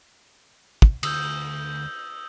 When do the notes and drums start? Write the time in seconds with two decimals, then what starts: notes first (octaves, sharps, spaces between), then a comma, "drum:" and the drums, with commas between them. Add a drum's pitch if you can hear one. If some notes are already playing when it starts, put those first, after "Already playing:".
0.82 drum: kick
1.03 D2 D#6 E6 G6, drum: cymbal